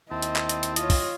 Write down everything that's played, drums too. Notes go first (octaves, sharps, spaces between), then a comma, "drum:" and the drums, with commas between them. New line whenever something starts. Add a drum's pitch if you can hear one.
D#2 C4 E4 D#5 A5
drum: hi-hat
drum: clap
drum: hi-hat
drum: hi-hat
F4 C#5 D#5, drum: hi-hat
drum: kick, open hi-hat